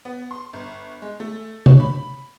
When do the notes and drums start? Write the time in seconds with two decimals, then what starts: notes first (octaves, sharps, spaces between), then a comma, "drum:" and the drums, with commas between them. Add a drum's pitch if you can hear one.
0.05 B3
0.31 C6
0.53 G1
1.02 G#3
1.20 A3
1.66 C#5, drum: tom C3
1.80 B5